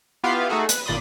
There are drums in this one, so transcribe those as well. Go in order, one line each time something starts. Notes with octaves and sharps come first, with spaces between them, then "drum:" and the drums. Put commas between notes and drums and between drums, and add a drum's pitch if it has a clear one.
B3 E4 F4 G4 E5 F5
A3 D#4 F#4 G#4 A4
B4, drum: hi-hat
G#1 A#2 D5 B5 C6 D#6